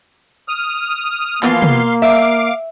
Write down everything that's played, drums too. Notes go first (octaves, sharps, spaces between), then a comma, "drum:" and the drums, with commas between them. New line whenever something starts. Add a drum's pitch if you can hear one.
D#6 F6
E3 F3 A#3 B3 F5 C6, drum: clap
drum: tom
E5 F5 D6